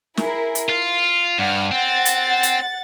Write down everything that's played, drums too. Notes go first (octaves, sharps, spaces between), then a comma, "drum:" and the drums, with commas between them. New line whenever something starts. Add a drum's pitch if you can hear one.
E4 G#4 A#4, drum: snare
drum: hi-hat
F4 C7
G2 F#5 F6
C4 F#5 A6
drum: hi-hat
drum: hi-hat